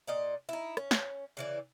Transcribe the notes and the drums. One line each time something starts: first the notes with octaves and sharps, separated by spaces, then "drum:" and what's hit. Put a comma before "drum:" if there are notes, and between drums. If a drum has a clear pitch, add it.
A#2 D5 D#5
D#4 E4
C#4, drum: rim click
drum: snare
C#3 E3 D5